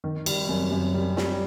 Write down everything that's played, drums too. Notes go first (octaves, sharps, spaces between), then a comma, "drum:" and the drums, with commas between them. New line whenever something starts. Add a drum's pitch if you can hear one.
D#3
G3, drum: cymbal
F#2
F#2
G3
G3, drum: snare